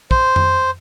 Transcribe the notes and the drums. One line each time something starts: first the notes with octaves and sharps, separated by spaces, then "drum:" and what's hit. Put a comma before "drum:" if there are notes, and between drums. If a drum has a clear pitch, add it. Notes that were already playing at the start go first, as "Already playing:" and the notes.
C5, drum: kick
drum: tom F2